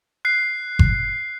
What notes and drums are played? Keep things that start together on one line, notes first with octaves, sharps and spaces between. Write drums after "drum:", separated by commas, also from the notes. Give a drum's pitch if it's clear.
F#6 C7
drum: kick G1